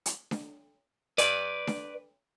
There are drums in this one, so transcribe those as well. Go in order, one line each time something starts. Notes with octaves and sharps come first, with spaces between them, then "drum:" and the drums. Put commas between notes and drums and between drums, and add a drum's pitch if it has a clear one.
drum: hi-hat
drum: snare D4
B4 D5, drum: hi-hat
drum: snare D4